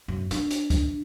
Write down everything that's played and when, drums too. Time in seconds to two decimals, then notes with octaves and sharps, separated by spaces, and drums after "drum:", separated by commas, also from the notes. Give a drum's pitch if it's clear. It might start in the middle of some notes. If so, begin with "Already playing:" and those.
0.08 F#2
0.31 D4, drum: hi-hat
0.51 drum: hi-hat
0.70 drum: kick, hi-hat